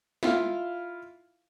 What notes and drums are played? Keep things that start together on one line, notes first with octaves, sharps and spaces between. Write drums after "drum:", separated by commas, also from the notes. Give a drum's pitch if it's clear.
E4 F4 F5, drum: snare